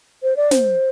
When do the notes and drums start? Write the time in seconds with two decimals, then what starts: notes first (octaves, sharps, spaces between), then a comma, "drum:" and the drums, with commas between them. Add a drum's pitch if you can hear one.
0.23 C5
0.36 D5
0.51 C5, drum: snare